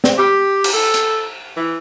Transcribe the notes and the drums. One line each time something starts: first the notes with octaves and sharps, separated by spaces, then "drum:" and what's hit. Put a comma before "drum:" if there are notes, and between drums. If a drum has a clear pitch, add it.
drum: snare
G4
drum: cymbal
A4
drum: hi-hat
E3